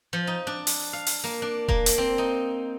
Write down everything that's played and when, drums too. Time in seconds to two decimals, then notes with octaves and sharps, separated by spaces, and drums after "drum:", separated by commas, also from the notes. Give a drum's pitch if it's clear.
0.13 F3
0.27 D#4
0.47 D4
0.67 drum: open hi-hat
0.93 F5
1.07 drum: open hi-hat
1.24 A#3
1.42 D4
1.68 A#3, drum: kick E1
1.86 drum: hi-hat
1.98 C4
2.18 D#4